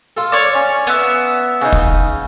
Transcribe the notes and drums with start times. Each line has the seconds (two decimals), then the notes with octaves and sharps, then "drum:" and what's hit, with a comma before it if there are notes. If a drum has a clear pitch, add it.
0.17 F4 A4
0.32 C#5 D5
0.55 C#4
0.87 B3 E5
1.62 C#3 D#4
1.72 drum: kick